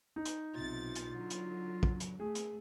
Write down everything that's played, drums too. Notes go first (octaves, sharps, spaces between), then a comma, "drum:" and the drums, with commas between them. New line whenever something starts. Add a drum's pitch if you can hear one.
D#4
drum: hi-hat
B1 C3 F4 A6
drum: hi-hat
D3 F#3
drum: hi-hat
drum: kick
drum: hi-hat
A3 G#4
drum: hi-hat